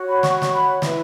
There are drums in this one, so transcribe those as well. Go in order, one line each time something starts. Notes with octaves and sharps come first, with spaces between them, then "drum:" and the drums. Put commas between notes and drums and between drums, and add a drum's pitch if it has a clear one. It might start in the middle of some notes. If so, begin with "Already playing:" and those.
Already playing: F#4 C#5
B5
C#6, drum: snare
B5
C#6, drum: snare
B5
E4 B4, drum: snare